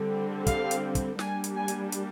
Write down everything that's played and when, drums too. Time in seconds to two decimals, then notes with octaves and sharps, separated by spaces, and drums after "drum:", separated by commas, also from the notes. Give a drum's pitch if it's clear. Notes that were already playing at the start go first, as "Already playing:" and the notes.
Already playing: D3 G3 C4
0.47 F5, drum: kick, hi-hat
0.71 drum: hi-hat
0.95 drum: kick, hi-hat
1.19 G3 A#3 D4 G#5, drum: snare
1.44 drum: hi-hat
1.56 G#5
1.68 drum: hi-hat
1.92 drum: hi-hat